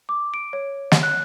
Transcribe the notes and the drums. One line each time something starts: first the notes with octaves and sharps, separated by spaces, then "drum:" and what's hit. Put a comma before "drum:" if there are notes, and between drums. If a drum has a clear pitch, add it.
D6
D7
C#5
drum: snare
F#6